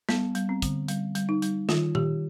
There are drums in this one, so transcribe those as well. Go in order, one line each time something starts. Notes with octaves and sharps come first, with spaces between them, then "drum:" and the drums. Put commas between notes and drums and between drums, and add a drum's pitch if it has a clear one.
G3 B3, drum: snare
G3, drum: hi-hat
C4
D3, drum: kick, hi-hat
G3, drum: hi-hat
G3, drum: hi-hat
D#4
G3, drum: hi-hat
D#3 F4, drum: snare
D#3 G4, drum: tom A#2